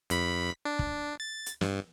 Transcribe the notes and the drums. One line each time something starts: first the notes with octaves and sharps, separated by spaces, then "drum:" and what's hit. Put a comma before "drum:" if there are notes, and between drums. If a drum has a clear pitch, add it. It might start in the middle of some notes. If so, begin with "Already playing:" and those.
F2 B5 B6, drum: hi-hat
D4
drum: kick
A6
drum: hi-hat
G2, drum: snare